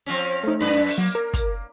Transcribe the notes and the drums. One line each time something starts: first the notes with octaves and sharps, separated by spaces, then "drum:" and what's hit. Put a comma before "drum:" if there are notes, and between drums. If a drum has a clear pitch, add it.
F3 C4 C#4
A3 D#4
F#2 D4 B4
drum: open hi-hat
F#3 A#3
A#4
drum: kick, hi-hat